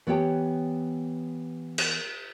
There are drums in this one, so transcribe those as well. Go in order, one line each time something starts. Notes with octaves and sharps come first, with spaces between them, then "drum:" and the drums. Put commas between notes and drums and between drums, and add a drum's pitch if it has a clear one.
E3 B3 G4 C#5 G5 A5
drum: cymbal